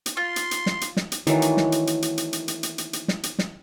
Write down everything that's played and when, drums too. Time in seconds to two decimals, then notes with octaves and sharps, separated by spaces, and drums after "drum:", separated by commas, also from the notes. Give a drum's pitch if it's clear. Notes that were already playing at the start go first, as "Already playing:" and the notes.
0.06 drum: hi-hat
0.17 F4 C6
0.36 drum: hi-hat
0.51 drum: hi-hat
0.66 drum: snare
0.81 drum: hi-hat
0.97 drum: snare
1.12 drum: hi-hat
1.27 D#3 E3 F#3 A3, drum: hi-hat
1.42 drum: hi-hat
1.57 drum: snare
1.72 drum: hi-hat
1.87 drum: hi-hat
2.02 drum: hi-hat
2.18 drum: hi-hat
2.33 drum: hi-hat
2.48 drum: hi-hat
2.63 drum: hi-hat
2.78 drum: hi-hat
2.93 drum: hi-hat
3.08 drum: snare
3.23 drum: hi-hat
3.39 drum: snare